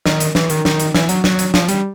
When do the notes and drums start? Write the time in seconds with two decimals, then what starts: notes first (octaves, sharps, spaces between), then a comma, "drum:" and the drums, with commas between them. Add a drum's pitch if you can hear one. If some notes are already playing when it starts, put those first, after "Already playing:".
0.06 D#3, drum: snare
0.20 drum: hi-hat
0.35 E3, drum: snare
0.50 D#3, drum: hi-hat
0.65 D#3, drum: snare
0.80 drum: hi-hat
0.94 E3, drum: snare
1.09 F#3, drum: hi-hat
1.24 F#3, drum: snare
1.39 drum: hi-hat
1.54 F3, drum: snare
1.69 G3, drum: hi-hat